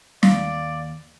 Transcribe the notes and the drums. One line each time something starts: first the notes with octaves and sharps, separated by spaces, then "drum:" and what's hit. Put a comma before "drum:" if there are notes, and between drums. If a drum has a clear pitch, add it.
D#2 D5 F5, drum: snare